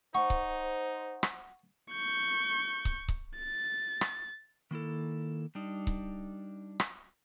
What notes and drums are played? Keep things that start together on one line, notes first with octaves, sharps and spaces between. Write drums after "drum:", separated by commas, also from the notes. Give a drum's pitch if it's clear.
D#4 C5 F#5 C#6
drum: kick C#1
drum: rim click
C#6 G6
drum: kick C#1
drum: kick C#1
A6
drum: rim click
D#3 A#3 E4 A4
G3 D4 D#4
drum: kick C#1
drum: rim click